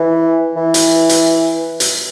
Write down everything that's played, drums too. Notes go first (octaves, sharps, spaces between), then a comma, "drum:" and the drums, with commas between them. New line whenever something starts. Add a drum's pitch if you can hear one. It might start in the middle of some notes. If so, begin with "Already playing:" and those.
Already playing: E3
E3
drum: hi-hat
drum: hi-hat
drum: hi-hat